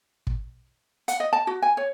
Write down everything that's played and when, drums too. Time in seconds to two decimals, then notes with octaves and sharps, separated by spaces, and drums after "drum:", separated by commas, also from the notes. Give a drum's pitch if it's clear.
0.27 drum: kick
1.08 F#5, drum: hi-hat
1.20 D#5
1.33 A5
1.47 F#4
1.62 G#5
1.77 C#5